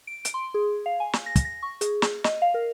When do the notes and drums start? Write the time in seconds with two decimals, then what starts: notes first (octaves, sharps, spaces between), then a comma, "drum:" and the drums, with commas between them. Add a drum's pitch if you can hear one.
0.07 D7
0.25 drum: hi-hat
0.34 C6
0.54 G#4
0.86 F5
1.00 G#5
1.13 drum: snare
1.26 A#6
1.36 drum: kick, hi-hat
1.45 A#6
1.63 C#6
1.81 G#4, drum: hi-hat
2.02 drum: snare
2.24 D#5, drum: snare
2.42 F5
2.54 A#4